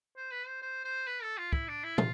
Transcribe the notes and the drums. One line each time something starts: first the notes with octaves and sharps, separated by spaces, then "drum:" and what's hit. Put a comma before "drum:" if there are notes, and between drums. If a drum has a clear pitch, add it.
C5
B4
C5
C5
C5
B4
A4
F4
E4, drum: kick
D4
E4
F4, drum: tom